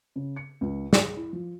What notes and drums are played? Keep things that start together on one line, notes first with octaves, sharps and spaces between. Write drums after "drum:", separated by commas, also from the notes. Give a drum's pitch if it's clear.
C#3
C#7
C#2
G#4, drum: snare
E4
F3